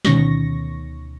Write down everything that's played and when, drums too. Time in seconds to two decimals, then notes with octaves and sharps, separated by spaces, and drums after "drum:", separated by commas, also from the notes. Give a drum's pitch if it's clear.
0.05 D2 B2 D#3 C#4 C#6 A#6, drum: snare